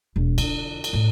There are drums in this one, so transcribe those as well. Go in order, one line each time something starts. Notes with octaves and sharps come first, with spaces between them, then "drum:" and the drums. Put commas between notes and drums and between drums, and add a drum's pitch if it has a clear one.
E1
D3, drum: cymbal
drum: cymbal
A2